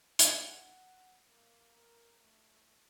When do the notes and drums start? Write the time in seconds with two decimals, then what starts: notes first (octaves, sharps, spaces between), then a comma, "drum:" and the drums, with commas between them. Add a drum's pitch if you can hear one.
0.19 F#5, drum: hi-hat
1.29 A#3
1.76 A#4
2.20 A3